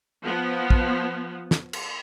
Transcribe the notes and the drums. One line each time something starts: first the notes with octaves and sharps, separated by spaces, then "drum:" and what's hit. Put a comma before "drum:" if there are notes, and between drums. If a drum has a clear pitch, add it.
F3 B3
drum: kick
drum: snare
drum: cymbal